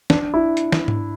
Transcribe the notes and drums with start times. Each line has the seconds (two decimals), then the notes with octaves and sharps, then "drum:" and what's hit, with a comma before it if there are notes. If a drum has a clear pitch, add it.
0.10 D4, drum: snare
0.34 E4
0.57 drum: hi-hat
0.72 drum: snare
0.88 drum: tom G#2